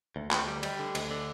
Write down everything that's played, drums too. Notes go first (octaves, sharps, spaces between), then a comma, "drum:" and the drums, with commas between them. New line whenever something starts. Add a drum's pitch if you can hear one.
D2
D2, drum: clap
G3
G3, drum: cymbal
D3
D2, drum: cymbal
D3